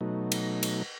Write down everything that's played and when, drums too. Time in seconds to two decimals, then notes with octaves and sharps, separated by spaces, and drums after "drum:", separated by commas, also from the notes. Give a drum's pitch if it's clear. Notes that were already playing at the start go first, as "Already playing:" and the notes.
0.01 B2 F#3 A3 D#4
0.32 drum: cymbal
0.63 drum: cymbal